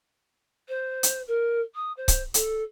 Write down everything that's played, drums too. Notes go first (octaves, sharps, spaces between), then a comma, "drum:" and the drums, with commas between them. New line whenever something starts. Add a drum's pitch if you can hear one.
C5
drum: hi-hat
A#4
D#6
C5
drum: kick C#1, hi-hat
A4, drum: hi-hat